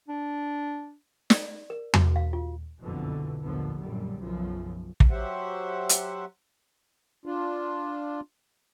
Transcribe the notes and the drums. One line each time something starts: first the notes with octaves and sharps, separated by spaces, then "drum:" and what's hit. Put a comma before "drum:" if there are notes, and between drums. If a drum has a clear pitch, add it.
D4
D5, drum: snare
A#4
F#4, drum: tom E2
F5
F4
F#1 B1 F2 B2 D3 E3
A#1 D#2 A2 D3 F3 B3
A#1 F#2 D3 G3
B1 F#2 C#3 F3
drum: kick
F#3 G4 C5 E5 F#5
drum: hi-hat
D4 F4